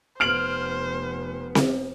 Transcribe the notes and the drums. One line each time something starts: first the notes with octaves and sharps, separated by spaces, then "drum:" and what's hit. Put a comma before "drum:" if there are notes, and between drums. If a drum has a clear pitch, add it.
F1 B3 C5 F6 D7 F#7
drum: snare C4